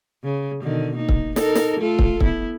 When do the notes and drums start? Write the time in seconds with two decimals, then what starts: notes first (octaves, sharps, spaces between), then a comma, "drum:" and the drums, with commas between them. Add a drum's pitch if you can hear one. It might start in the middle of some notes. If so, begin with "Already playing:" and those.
0.24 C#3
0.63 B2 D3 D#3
0.97 A#3 D#4
1.09 drum: kick
1.36 D#4 A4 A#4, drum: snare
1.55 drum: snare
1.80 A3 F4 A4
1.99 drum: kick
2.21 B3 E4, drum: kick